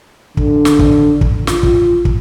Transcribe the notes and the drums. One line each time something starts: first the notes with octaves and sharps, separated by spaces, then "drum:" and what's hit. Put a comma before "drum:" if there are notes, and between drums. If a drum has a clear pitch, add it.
D3, drum: kick
drum: snare
drum: kick
drum: kick
F4, drum: snare
drum: kick
drum: kick